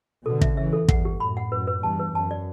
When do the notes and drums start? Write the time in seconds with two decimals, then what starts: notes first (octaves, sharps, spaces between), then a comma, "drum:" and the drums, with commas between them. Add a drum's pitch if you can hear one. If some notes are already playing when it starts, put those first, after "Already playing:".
0.25 B2 D3 A4
0.41 E5, drum: kick
0.57 C#3 E3 E5
0.73 A4
0.88 E2 G2 F#5, drum: kick
1.05 G4
1.20 F#2 A2 B5
1.37 F#5
1.52 F#2 B4
1.67 B4
1.83 E2 G2 A5
1.99 B4
2.15 F#2 A5
2.31 D5